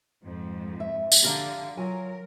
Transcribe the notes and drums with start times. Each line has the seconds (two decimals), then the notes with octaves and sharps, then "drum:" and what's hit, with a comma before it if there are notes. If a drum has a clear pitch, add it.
0.23 F2 G#2
0.80 E5
1.12 drum: tambourine
1.23 D3 G4 F5 A#5
1.77 F#3 F4 A#4 G#5